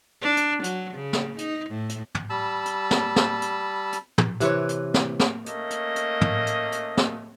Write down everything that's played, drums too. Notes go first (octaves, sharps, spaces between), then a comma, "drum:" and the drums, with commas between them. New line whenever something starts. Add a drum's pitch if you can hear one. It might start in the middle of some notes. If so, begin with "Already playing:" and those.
D4
drum: hi-hat
F#3, drum: hi-hat
C#3
drum: snare
D#4, drum: hi-hat
A2
drum: hi-hat
drum: tom
G3 A5 B5 E6
drum: hi-hat
drum: snare
drum: snare
drum: hi-hat
drum: hi-hat
drum: tom
C3 E3 B4 C#5, drum: hi-hat
drum: hi-hat
drum: snare
drum: snare
A3 A#3 C#4 D#5, drum: hi-hat
drum: hi-hat
drum: hi-hat
drum: tom
drum: hi-hat
drum: hi-hat
drum: snare